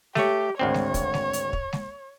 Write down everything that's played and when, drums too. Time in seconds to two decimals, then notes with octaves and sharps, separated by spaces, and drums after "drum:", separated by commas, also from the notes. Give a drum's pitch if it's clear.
0.15 A3 G4 C#5, drum: snare G#3
0.59 G#1 D2 C4 C#5
0.74 drum: snare G#3
0.94 drum: kick, hi-hat
1.14 drum: snare G#3
1.33 drum: hi-hat
1.53 drum: kick
1.73 drum: snare G#3